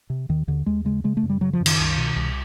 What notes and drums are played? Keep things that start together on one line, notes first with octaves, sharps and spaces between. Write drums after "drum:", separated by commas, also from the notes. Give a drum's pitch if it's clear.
C3
D#2 D#3
D#2 D3
D#2 G#3
C#3 G#3
C#3 G#3
A3
F#2
G3
C#3 F#3
F3
F#2
D#3, drum: cymbal
C2
B2
C2